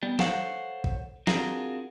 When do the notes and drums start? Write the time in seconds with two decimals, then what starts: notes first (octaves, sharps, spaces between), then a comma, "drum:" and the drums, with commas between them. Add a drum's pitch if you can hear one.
0.03 G3 B3
0.19 A4 C5 C#5 F5 F#5, drum: snare
0.84 drum: kick A1
1.27 C4 D4 F4 F#4 G#4 A#4, drum: snare